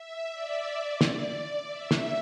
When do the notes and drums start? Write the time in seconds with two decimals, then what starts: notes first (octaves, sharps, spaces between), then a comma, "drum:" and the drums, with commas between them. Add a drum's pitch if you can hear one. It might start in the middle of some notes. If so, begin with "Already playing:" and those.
Already playing: E5
0.33 D5
1.01 drum: snare
1.68 E5
1.91 drum: snare